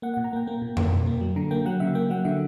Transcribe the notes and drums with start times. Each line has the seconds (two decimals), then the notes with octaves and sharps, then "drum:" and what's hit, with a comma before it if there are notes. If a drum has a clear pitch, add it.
0.02 A#3 F#5
0.14 A#2 F#5
0.24 A#5
0.33 A#3 G5
0.47 A#3
0.62 A#2
0.77 A#3, drum: tom F2
0.92 B2
1.07 A#3
1.21 F#3
1.36 D3 A#5
1.51 A#3 G5
1.66 F#3 F#5
1.80 C#3 E5
1.95 A#3 G5
2.10 F#3 F#5
2.25 D3 E5